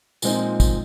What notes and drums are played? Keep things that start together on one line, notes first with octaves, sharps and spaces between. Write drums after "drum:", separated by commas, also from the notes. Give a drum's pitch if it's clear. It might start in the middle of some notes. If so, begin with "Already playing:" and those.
A#2 F3 G#3 C4 D#4, drum: tambourine
drum: kick, tambourine